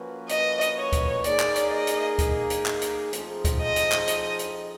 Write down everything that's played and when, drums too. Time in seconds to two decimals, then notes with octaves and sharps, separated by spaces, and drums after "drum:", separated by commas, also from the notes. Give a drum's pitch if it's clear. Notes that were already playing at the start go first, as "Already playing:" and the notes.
Already playing: F3 A#3 C#4 F#4 B4
0.29 D#5, drum: hi-hat
0.61 drum: hi-hat
0.77 C#5
0.92 drum: kick D2, hi-hat
1.24 A#3 D#4 G#4 D5, drum: hi-hat
1.40 drum: clap
1.56 drum: hi-hat
1.71 D#5
1.87 drum: hi-hat
2.19 drum: kick D2, hi-hat
2.50 drum: hi-hat
2.66 drum: clap
2.82 drum: hi-hat
3.13 F3 A3 C4 D#4 G#4, drum: hi-hat
3.45 drum: kick D2, hi-hat
3.61 D#5
3.76 drum: hi-hat
3.92 drum: clap
4.08 drum: hi-hat
4.39 drum: hi-hat